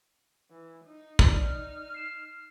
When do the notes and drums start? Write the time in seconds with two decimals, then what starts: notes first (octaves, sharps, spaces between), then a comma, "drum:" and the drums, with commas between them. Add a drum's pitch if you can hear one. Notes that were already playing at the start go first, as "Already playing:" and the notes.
0.51 E3
0.86 D#4
1.19 D5 F6, drum: kick
1.94 C7 E7